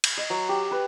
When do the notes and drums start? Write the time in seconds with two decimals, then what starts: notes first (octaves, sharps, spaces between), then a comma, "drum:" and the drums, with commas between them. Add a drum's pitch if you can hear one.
0.04 drum: cymbal
0.17 D#5
0.30 F#3
0.49 G4
0.71 B4